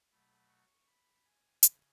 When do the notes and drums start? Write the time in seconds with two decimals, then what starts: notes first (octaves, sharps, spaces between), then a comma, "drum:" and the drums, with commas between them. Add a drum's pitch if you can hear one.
0.11 B2 F#3 A3 B5
0.49 C#6
0.87 B5
1.25 G#5
1.63 C#3, drum: hi-hat